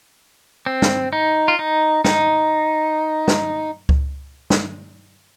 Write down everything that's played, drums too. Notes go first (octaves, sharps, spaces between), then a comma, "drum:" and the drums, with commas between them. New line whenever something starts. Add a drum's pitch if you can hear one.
C4
drum: snare
D#4
F4
D#4
D#4, drum: snare
drum: snare
drum: kick C#2
drum: snare